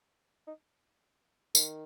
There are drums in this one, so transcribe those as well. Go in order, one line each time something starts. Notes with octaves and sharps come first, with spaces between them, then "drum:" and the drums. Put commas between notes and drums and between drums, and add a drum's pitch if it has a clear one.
D#4
D#3, drum: tambourine